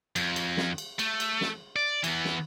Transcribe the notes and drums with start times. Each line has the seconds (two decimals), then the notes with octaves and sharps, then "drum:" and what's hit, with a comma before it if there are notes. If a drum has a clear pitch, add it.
0.16 F2, drum: cymbal
0.36 drum: cymbal
0.57 drum: snare
0.78 drum: cymbal
0.99 A3, drum: cymbal
1.20 drum: cymbal
1.41 drum: snare
1.76 D5
2.04 E3 B3, drum: cymbal
2.25 drum: snare